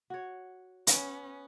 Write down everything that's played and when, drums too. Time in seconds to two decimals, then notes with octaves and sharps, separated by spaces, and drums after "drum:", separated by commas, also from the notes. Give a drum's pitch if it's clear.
0.10 F#4 C#5
0.87 B3 C#4, drum: hi-hat